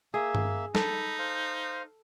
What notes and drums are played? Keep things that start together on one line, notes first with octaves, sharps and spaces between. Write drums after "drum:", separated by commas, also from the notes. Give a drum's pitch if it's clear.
A#3 G#4 E5
drum: tom G2
D#4 A4 B5, drum: snare
C5 F5